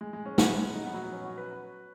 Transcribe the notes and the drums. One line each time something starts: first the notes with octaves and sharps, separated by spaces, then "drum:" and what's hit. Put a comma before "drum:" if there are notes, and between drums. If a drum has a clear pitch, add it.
G#3
G#3
C#4
B3, drum: snare
G#3
G#3
D#4
B3
F#3
B3
C#4
F#4
B4